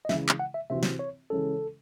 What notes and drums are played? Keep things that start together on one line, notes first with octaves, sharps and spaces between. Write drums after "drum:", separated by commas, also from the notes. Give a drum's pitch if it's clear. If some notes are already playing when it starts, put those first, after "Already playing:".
D#5
C#3 E3 G#3 E5, drum: snare
drum: clap
F#5
E5
C3 E3 C4 F#4 E5
drum: snare
C#5
C#3 E3 G#3 C#4 A4